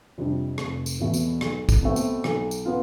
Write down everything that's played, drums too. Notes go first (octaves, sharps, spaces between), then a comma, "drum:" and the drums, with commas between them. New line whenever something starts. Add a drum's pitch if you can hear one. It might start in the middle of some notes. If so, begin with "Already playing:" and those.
F2 C3 G3 D4
F1, drum: rim click
drum: tambourine
E2 B2 A3
drum: tambourine
B1, drum: rim click
drum: kick, tambourine
B2 A3 C4
drum: tambourine
B1, drum: rim click
drum: tambourine
B3 F4